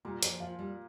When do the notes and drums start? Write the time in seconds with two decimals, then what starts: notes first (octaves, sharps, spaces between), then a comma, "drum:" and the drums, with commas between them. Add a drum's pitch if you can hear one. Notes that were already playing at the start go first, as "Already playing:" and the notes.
0.05 A#2 G3
0.23 F3, drum: hi-hat
0.40 F3 F4
0.59 G3